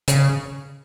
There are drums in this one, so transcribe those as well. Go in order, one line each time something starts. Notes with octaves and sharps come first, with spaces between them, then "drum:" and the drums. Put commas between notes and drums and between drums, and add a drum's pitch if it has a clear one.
C#3, drum: hi-hat